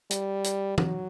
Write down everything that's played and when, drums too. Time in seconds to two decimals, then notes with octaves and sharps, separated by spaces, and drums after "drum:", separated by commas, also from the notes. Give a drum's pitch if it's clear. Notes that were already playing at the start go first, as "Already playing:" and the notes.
0.11 G3, drum: hi-hat
0.44 drum: hi-hat
0.78 F#3, drum: tom